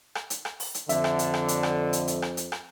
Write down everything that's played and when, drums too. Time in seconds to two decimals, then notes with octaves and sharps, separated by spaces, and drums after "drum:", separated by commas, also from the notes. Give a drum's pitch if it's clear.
0.15 drum: rim click
0.30 drum: hi-hat
0.45 drum: rim click
0.60 drum: open hi-hat
0.74 drum: hi-hat
0.89 F2 D3 E5, drum: hi-hat
1.04 drum: rim click
1.19 drum: hi-hat
1.34 drum: rim click
1.48 drum: hi-hat
1.63 drum: rim click
1.93 drum: hi-hat
2.08 drum: hi-hat
2.22 drum: rim click
2.37 drum: hi-hat
2.52 drum: rim click